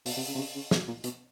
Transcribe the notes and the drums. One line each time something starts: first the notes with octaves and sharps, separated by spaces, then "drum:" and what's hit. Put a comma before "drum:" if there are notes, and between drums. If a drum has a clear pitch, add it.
B2, drum: open hi-hat
C3
C#3
C3
C#3
C#3
B2, drum: snare
A#2
B2, drum: hi-hat